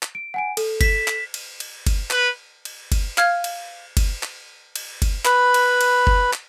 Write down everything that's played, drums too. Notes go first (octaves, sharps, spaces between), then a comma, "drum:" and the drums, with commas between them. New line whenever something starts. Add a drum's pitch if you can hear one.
drum: clap
D7
F#5 G#5 D7
A4, drum: cymbal
B6 E7, drum: kick F#1, cymbal
drum: clap
drum: cymbal
drum: cymbal
drum: kick F#1, cymbal
B4, drum: clap
drum: cymbal
drum: kick F#1, cymbal
F5 F6 G#6, drum: clap
drum: cymbal
drum: kick F#1, cymbal
drum: clap
drum: cymbal
drum: kick F#1, cymbal
B4 B5, drum: clap
drum: cymbal
drum: cymbal
drum: kick F#1
drum: clap